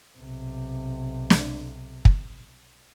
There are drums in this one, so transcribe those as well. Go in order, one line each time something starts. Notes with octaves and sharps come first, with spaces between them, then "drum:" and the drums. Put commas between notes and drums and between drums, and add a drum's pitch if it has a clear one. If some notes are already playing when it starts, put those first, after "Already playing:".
B1 C3
drum: snare
drum: kick